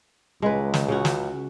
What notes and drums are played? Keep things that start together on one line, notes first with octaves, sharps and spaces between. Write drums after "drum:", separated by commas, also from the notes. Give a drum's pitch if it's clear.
C#2 G#3 B4
drum: snare
C#3 C#4 F#4
drum: snare